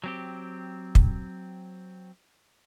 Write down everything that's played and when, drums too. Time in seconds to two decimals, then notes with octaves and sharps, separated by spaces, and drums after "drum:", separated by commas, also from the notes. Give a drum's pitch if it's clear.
0.04 F#3 C4 G4
0.95 drum: kick